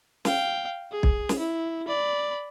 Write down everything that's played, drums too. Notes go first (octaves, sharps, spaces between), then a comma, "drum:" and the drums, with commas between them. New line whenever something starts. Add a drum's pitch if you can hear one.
F5 G5, drum: snare
G#4
drum: kick
drum: snare
E4
D5 B5